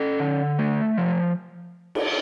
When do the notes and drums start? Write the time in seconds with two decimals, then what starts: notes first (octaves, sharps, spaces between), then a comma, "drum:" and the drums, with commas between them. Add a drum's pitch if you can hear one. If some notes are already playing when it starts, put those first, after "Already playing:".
Already playing: C#4 A4
0.20 D3
0.59 A3
0.97 F3
1.95 drum: cymbal